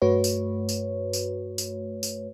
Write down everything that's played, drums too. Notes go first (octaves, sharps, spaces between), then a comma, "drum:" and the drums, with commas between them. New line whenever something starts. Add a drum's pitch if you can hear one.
G2 A3 F#4 B4 C#5
drum: tambourine
drum: tambourine
drum: tambourine
drum: tambourine
drum: tambourine